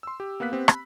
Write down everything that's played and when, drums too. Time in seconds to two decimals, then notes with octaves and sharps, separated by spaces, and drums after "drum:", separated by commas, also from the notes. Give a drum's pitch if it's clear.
0.03 C6 E6
0.20 G4
0.40 A#3 B3 F5 F#6 B6
0.52 B3 C4 G4
0.68 B5, drum: rim click